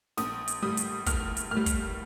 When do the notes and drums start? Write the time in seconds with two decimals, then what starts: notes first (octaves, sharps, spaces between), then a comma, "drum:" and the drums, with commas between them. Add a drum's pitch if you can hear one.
0.17 A#1 D#6, drum: snare
0.48 drum: hi-hat
0.62 A2 G3 D#6
0.77 drum: hi-hat
1.06 A#1 F6, drum: kick, hi-hat
1.37 drum: hi-hat
1.51 A2 F6
1.57 G3
1.66 drum: kick, hi-hat